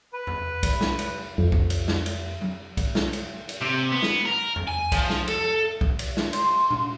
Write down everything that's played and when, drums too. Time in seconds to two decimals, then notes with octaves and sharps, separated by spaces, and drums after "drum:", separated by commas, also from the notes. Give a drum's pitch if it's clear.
0.13 B4
0.27 drum: tom E2
0.63 drum: kick B1, cymbal
0.81 drum: snare
0.99 drum: cymbal
1.38 F2
1.52 drum: kick B1
1.70 drum: cymbal
1.88 drum: snare
2.06 drum: cymbal
2.42 drum: tom F#3
2.77 drum: kick B1, cymbal
2.95 drum: snare
3.13 drum: cymbal
3.49 drum: cymbal
3.61 C3
3.92 B3
4.02 drum: snare
4.26 A#4
4.56 drum: tom E2
4.67 G#5
4.92 F3, drum: kick B1, cymbal
5.10 drum: snare
5.28 A4, drum: cymbal
5.81 drum: kick B1
5.99 drum: cymbal
6.17 drum: snare
6.33 C6, drum: cymbal
6.70 drum: tom A#2